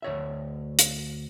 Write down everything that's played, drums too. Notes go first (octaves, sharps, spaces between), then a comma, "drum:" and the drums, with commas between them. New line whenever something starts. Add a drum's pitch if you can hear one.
D2 C#5 E5
drum: hi-hat